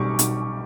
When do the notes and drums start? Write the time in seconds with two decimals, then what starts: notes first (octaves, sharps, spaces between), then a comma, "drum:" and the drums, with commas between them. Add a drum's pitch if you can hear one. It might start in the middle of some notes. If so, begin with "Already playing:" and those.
Already playing: B1 G3 C#6 D6
0.19 B1, drum: hi-hat